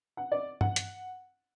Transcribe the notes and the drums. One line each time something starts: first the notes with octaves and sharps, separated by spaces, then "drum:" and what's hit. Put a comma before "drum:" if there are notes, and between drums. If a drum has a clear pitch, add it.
F#5
D5
F#5, drum: tom G2
drum: hi-hat